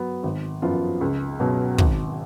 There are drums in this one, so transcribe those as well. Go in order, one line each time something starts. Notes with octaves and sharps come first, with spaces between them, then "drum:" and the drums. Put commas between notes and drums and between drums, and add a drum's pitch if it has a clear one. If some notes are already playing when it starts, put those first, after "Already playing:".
Already playing: F#3 B3
G#1
F#2 F3 B3 F4
C#2
B2 F#3 C#4
G#1, drum: kick